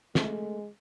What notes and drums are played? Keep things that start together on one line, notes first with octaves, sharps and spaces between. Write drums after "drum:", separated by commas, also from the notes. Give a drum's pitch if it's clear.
G#3 A3, drum: snare